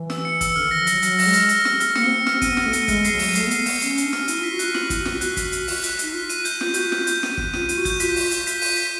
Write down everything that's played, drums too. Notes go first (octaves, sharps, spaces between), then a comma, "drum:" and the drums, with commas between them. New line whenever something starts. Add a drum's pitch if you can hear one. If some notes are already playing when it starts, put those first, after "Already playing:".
Already playing: E3
E6, drum: snare
C#7
E6, drum: kick, hi-hat
D3 F6
D#3 A#6
F3
F#3 A#6, drum: hi-hat
F#3 F6, drum: hi-hat
A#6, drum: open hi-hat
G#3
F6, drum: hi-hat
F6, drum: hi-hat
F6, drum: snare
F6, drum: hi-hat
A#3 C#7, drum: snare
C4 F6
C4 F6, drum: snare
B3 D#7, drum: kick, hi-hat
F6, drum: snare
A3
D#7, drum: hi-hat
G#3 F6, drum: kick, hi-hat
C7, drum: hi-hat
F#3
D#7, drum: open hi-hat
A3 C7, drum: hi-hat
B3
C7, drum: hi-hat
B3
C7, drum: open hi-hat
C#4 C7, drum: hi-hat
C7, drum: hi-hat
D4
F6, drum: snare
E4 D#7, drum: hi-hat
F4 B6
F#4
F4 F#6, drum: hi-hat
E4 F#7, drum: snare
D#7, drum: kick, hi-hat
F#4
F4 F#6, drum: snare
F#4 F#6, drum: hi-hat
B6, drum: kick, hi-hat
B6, drum: hi-hat
F4 B6, drum: open hi-hat
F#6, drum: hi-hat
D#4 B6, drum: hi-hat
F4 B6
D#7, drum: hi-hat
G6, drum: hi-hat
F4 G6, drum: snare
F#4 G6, drum: hi-hat
F4
G6, drum: snare
G6, drum: hi-hat
D#7, drum: snare
D#7, drum: kick
F4 D#7, drum: snare
D#7, drum: hi-hat
F#4
G6, drum: kick, hi-hat
F4 B6, drum: hi-hat
B6, drum: open hi-hat
F4
B6, drum: hi-hat
B6, drum: hi-hat
D#7, drum: open hi-hat
B6